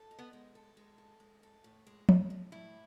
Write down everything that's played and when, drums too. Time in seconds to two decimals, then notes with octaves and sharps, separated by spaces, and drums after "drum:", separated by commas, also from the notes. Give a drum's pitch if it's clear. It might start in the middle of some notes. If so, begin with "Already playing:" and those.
Already playing: A4
0.11 D#4
0.19 B3
0.33 G#3
0.55 A4
0.77 G#3
0.98 A4
1.20 G#3
1.43 A4
1.64 A2
1.87 G#3
2.09 G#3, drum: tom F3
2.30 A2
2.52 A2 E4